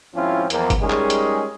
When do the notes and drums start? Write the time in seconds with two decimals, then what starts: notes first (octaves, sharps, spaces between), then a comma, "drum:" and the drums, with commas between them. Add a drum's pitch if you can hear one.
0.14 G#1 F3 C4 C#4 E4 F4
0.50 E2 F3 A#3, drum: hi-hat
0.70 drum: kick G1, hi-hat
0.80 G3 G#3 C#4 D#4 G#4 A#4
0.90 drum: clap
1.10 drum: hi-hat